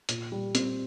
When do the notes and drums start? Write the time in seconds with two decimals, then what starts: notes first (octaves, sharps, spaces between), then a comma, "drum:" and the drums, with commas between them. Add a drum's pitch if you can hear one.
0.09 A#2, drum: hi-hat
0.32 G3
0.55 C4, drum: hi-hat